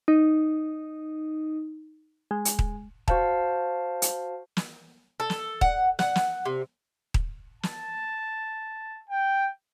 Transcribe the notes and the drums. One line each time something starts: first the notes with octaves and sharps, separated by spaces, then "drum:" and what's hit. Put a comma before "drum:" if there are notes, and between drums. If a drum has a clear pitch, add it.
D#4
G#3
drum: hi-hat
drum: kick D#1
F#4 C5 F5 A5, drum: kick D#1
drum: hi-hat
drum: snare
A4
drum: snare
F#5, drum: kick D#1
F#5, drum: snare
drum: snare
C3
drum: kick D#1
A5, drum: snare
G5